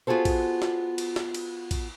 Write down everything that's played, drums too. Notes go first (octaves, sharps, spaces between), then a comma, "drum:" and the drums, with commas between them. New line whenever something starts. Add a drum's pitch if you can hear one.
B3 F4 F#4 G#4 A4 C5
drum: kick, cymbal
drum: snare
drum: cymbal
drum: snare
drum: cymbal
drum: kick, cymbal